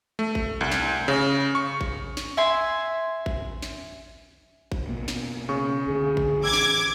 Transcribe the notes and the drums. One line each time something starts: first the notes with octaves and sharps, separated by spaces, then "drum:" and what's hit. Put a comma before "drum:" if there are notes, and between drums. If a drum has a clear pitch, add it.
A3
drum: kick G#1
C2
drum: snare
C#3
C#6
drum: kick G#1
drum: snare
E5 G#5 C6
drum: kick G#1
drum: snare
drum: kick G#1
B2 A#3
drum: snare
C#3 C#6
C#2 D3 G#4
drum: kick G#1
A1 D6 E6 G#6
drum: snare